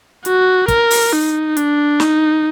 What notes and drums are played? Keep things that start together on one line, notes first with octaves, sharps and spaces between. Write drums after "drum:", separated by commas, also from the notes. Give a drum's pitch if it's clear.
F#4, drum: hi-hat
A#4, drum: kick, hi-hat
drum: open hi-hat
D#4
D4, drum: hi-hat
D#4, drum: snare